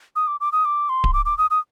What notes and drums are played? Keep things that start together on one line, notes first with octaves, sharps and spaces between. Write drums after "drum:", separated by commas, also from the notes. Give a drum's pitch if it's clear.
D#6
D6
D6
D#6
D6
C6
drum: kick D1
D6
D6
D#6
D#6